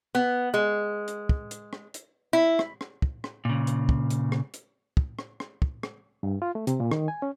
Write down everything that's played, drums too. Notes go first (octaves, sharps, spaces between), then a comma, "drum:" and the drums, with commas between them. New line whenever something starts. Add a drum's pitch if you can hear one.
B3
G#3
drum: hi-hat
drum: kick
drum: hi-hat
drum: rim click
drum: hi-hat
E4
drum: rim click
drum: rim click
drum: kick
drum: rim click
A#2 C#3
drum: hi-hat
drum: kick
drum: hi-hat
drum: rim click
drum: hi-hat
drum: kick
drum: rim click
drum: rim click
drum: kick
drum: rim click
G2
F4
A3
C3, drum: hi-hat
A#2
D#3, drum: rim click
G#5
C#4